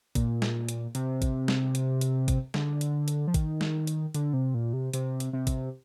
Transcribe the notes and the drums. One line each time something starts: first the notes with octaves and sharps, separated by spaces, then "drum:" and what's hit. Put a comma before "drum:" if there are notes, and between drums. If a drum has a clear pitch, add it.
A#2, drum: kick G#1, hi-hat
drum: snare
drum: hi-hat
C3, drum: hi-hat
drum: kick G#1, hi-hat
drum: snare
drum: hi-hat
drum: hi-hat
drum: kick G#1, hi-hat
D3, drum: snare
drum: hi-hat
drum: hi-hat
F3
D#3, drum: kick G#1, hi-hat
drum: snare
drum: hi-hat
D3, drum: hi-hat
C3
A#2
C3
C3, drum: hi-hat
drum: hi-hat
C3
drum: kick G#1, hi-hat